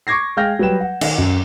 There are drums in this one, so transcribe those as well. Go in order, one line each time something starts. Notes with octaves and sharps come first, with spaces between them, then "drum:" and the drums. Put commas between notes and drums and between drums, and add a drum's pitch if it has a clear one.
C#6 D6 G#6 A#6 C7
G#3 F5 G5 F6 G6 A#6
F#3 G3 B4 G5 E7
F#5
D#3, drum: cymbal
F#2